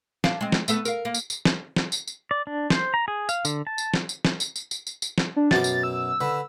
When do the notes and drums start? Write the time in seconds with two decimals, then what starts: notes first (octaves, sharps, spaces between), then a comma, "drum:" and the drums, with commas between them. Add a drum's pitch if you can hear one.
0.24 D4 F5, drum: snare
0.41 G#3 C4
0.52 drum: snare
0.68 A3 B3 A4, drum: tambourine
0.85 A#4 F5, drum: tambourine
1.05 A#3
1.14 drum: tambourine
1.30 drum: tambourine
1.45 drum: snare
1.76 drum: snare
1.92 drum: tambourine
2.07 drum: tambourine
2.31 D5
2.47 D4
2.70 C5, drum: snare
2.94 A#5
3.08 G#4
3.29 F5, drum: tambourine
3.45 D3, drum: tambourine
3.67 A5
3.78 drum: tambourine
3.94 drum: snare
4.09 drum: tambourine
4.25 drum: snare
4.40 drum: tambourine
4.56 drum: tambourine
4.71 drum: tambourine
4.87 drum: tambourine
5.02 drum: tambourine
5.18 drum: snare
5.36 D4
5.51 F#2 B2 D6 A6, drum: snare
5.64 drum: tambourine
5.83 E6
6.21 D3 B4 B5